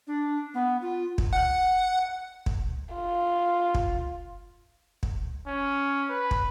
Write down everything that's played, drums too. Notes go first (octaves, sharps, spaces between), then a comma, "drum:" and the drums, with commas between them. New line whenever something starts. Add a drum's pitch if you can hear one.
D4
B3
F4
drum: kick
F#5
drum: kick
F4
drum: kick
drum: kick
C#4
B4
drum: kick